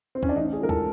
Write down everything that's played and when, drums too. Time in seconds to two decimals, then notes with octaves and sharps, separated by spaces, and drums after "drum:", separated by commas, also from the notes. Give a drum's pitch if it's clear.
0.15 C4
0.23 C#4, drum: kick C#2
0.29 D4
0.36 A1 D#4
0.53 G#4
0.61 G#2 F3 A#4
0.69 A4, drum: kick C#2